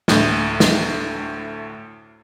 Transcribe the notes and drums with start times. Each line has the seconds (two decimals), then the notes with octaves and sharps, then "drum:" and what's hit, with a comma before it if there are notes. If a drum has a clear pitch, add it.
0.08 D2 A2, drum: snare
0.60 drum: snare